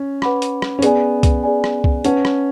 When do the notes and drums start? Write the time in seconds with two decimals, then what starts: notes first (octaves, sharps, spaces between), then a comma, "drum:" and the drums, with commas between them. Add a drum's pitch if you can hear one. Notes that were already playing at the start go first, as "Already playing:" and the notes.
Already playing: C#4
0.22 B4 F#5 B5 D6, drum: rim click
0.42 drum: hi-hat
0.62 drum: rim click
0.79 C#4
0.82 B3 G#4 D5 G#5, drum: hi-hat
1.23 drum: kick C2, hi-hat
1.43 G#4 D5 G#5
1.64 drum: rim click
1.84 drum: kick C2
2.04 C#4 B4 F#5 A5, drum: hi-hat
2.25 drum: rim click